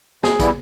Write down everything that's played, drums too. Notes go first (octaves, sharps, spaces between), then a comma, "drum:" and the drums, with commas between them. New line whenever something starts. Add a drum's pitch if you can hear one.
C3 G#4, drum: snare
E3 G3 B3 E4, drum: kick, hi-hat